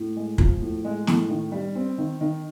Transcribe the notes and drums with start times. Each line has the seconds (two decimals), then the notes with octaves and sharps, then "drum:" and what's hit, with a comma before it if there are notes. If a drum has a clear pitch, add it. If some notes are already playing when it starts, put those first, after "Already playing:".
Already playing: A2
0.16 G#3
0.38 F3, drum: kick
0.62 A2
0.84 G#3
1.07 A2, drum: snare
1.29 D#3
1.52 G3
1.75 C4
1.98 D#3
2.21 D#3